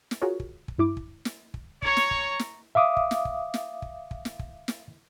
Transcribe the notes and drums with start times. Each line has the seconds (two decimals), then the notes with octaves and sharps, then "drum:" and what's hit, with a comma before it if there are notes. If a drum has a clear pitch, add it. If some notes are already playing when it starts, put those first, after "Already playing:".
0.11 drum: snare
0.22 F4 F#4 G#4 A#4 C#5
0.40 drum: kick
0.68 drum: kick
0.78 G2 E4 D6
0.97 drum: kick
1.25 drum: snare
1.54 drum: kick
1.82 C#5 A#5 C#6, drum: kick
1.97 drum: snare
2.11 drum: kick
2.39 drum: snare
2.75 E5 F5 D6 D#6
2.97 drum: kick
3.11 drum: snare
3.25 drum: kick
3.54 drum: snare
3.82 drum: kick
4.11 drum: kick
4.25 drum: snare
4.39 drum: kick
4.68 drum: snare